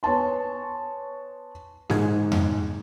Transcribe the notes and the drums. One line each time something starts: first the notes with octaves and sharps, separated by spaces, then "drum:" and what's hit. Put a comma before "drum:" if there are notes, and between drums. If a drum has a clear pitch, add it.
B3 C#5 G#5 A5 C6
G#2 G#4 G#6, drum: snare G#3
drum: tom F2